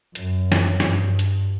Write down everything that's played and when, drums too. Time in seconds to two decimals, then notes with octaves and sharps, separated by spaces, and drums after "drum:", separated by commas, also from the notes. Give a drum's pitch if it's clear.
0.15 F#2, drum: hi-hat
0.52 drum: snare
0.80 G2, drum: snare
1.19 drum: hi-hat